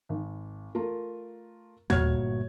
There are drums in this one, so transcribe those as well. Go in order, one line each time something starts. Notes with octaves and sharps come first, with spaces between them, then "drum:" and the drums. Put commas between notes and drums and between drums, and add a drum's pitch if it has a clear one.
G#1
A3 F4 A#4
G1 A#2 A3 F#4 C#5 F6 G#6, drum: tom